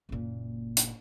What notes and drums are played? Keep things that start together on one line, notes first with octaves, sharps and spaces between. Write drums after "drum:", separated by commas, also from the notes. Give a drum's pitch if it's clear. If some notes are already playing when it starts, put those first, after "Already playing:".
F#1 A#2
drum: hi-hat